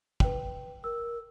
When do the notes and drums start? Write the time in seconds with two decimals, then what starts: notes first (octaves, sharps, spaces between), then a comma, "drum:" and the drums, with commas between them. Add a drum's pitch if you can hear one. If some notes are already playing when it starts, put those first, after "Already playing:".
0.20 B4 G5, drum: kick
0.84 A#4 E6